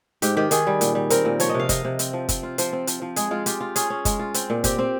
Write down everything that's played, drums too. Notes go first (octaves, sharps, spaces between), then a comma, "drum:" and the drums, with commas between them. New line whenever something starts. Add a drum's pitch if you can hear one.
G#2 G4, drum: hi-hat
D#3 G4
D#3 G#4, drum: hi-hat
G3
A#2, drum: hi-hat
G3
C4 A#4, drum: hi-hat
A#2
F3 C#5, drum: hi-hat
D#5
C3
F5
C3 D#5, drum: kick F#1, hi-hat
C3
C4, drum: hi-hat
F3
C4, drum: kick F#1, hi-hat
F4
F3 C5, drum: hi-hat
C4
F3, drum: hi-hat
F3
G#3 G#4, drum: hi-hat
G#3 F4
F4 G4, drum: hi-hat
F4
C#4 G#4, drum: hi-hat
C#4
G#3, drum: kick F#1, hi-hat
F4
C4, drum: hi-hat
A#2
C4 G4, drum: kick F#1, hi-hat
C4